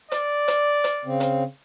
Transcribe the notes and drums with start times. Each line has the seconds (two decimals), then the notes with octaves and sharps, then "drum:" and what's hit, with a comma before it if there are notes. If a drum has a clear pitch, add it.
0.12 D5, drum: hi-hat
0.48 drum: hi-hat
0.84 drum: hi-hat
1.05 C#3 C4
1.20 drum: hi-hat